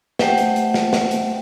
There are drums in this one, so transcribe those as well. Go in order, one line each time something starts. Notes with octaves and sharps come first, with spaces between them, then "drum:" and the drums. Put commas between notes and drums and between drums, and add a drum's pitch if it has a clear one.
A3 G4 C5 E5 F#5 G5, drum: snare
drum: hi-hat
drum: hi-hat
drum: snare
drum: snare
drum: hi-hat